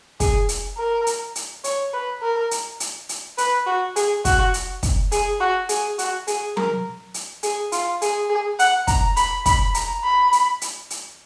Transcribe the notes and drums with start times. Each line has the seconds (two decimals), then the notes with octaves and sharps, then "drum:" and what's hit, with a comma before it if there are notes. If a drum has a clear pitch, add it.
0.20 G#4, drum: kick, hi-hat
0.49 drum: hi-hat
0.77 A#4
1.07 drum: hi-hat
1.35 drum: hi-hat
1.64 C#5, drum: hi-hat
1.93 B4
2.22 A#4
2.51 drum: hi-hat
2.80 drum: hi-hat
3.09 drum: hi-hat
3.38 B4, drum: hi-hat
3.66 F#4
3.96 G#4, drum: hi-hat
4.25 F#4, drum: kick, hi-hat
4.54 drum: hi-hat
4.83 drum: kick, hi-hat
5.12 G#4, drum: hi-hat
5.40 F#4
5.69 G#4, drum: hi-hat
5.99 F#4, drum: hi-hat
6.27 G#4, drum: hi-hat
6.57 A#4, drum: tom F#3
7.14 drum: hi-hat
7.43 G#4, drum: hi-hat
7.72 F4, drum: hi-hat
8.02 G#4, drum: hi-hat
8.29 G#4
8.59 F#5, drum: hi-hat
8.87 A#5, drum: kick, hi-hat
9.17 B5, drum: hi-hat
9.46 B5, drum: kick, hi-hat
9.74 A#5, drum: hi-hat
10.04 B5
10.33 drum: hi-hat
10.62 drum: hi-hat
10.90 drum: hi-hat